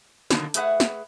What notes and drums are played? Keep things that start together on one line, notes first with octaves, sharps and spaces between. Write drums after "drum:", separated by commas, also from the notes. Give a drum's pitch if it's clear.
B2 D3 D#3 F3 F#3 A#3, drum: snare
A3 G#4 B4 E5 F#5, drum: hi-hat
drum: snare